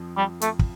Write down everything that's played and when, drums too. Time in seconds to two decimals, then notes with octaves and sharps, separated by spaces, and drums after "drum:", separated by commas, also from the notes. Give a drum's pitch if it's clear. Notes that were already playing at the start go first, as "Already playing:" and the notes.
Already playing: F2 F3
0.17 G3
0.41 A3, drum: hi-hat
0.59 drum: kick